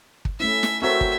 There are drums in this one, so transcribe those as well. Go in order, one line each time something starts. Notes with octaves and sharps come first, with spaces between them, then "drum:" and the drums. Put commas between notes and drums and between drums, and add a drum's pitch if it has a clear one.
drum: kick
A3 C#4 E4 E5
drum: snare
F#3 A3 C4 A#4 C5 E5
drum: kick